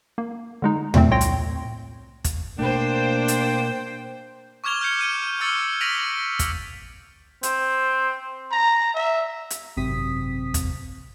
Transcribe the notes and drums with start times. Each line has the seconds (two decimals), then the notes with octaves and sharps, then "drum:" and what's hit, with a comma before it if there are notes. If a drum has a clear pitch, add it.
0.18 A#3
0.62 D3 G#3 D#4
0.94 E2 A#2 A3 C4, drum: tom
1.11 C2 C#5 G5 C6 A#6
1.21 drum: hi-hat
2.24 drum: kick, hi-hat
2.59 B2 A3 A#3 D4 C5 G5
3.28 drum: hi-hat
4.64 C#6 D6 F6 G#6 F7 G7
4.81 F6 G6 C#7
4.99 F6 D#7
5.40 C#6 E6 F6 A6 C#7
5.81 A#6 B6 D7 D#7 F7 F#7
6.39 drum: kick, hi-hat
7.43 C4, drum: hi-hat
8.51 A#5
8.94 E5
9.50 drum: hi-hat
9.76 G#1 F#2 C3 C4 D#6 B6
10.54 drum: kick, hi-hat